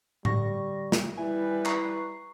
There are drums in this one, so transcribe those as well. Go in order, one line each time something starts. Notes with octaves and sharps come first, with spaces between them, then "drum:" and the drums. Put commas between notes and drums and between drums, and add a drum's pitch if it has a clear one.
D3 G3 C#6 A#6, drum: tom A2
drum: snare
G3 E4 B4 G#5
A#5 C#6 C7, drum: clap